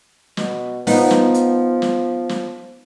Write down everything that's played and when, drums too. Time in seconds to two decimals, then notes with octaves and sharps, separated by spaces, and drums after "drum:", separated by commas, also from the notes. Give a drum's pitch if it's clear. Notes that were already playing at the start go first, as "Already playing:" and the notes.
0.37 B2, drum: snare
0.87 F3 B3 D#4, drum: open hi-hat
1.11 drum: snare
1.34 drum: hi-hat
1.82 drum: snare
2.29 drum: snare